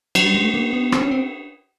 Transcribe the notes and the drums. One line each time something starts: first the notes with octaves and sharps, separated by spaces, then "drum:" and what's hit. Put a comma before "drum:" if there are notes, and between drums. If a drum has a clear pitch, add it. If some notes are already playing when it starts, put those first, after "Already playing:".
F#3, drum: cymbal
G3
G#3
A3
A#3
B3
C4, drum: rim click
C#4
C4